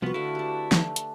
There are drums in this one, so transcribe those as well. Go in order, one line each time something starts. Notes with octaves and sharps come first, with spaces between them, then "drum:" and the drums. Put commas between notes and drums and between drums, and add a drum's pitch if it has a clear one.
C2 F3 B3 F#4 B4 F5
D3 A3 E4 F5
D4 G4
A3, drum: snare
drum: hi-hat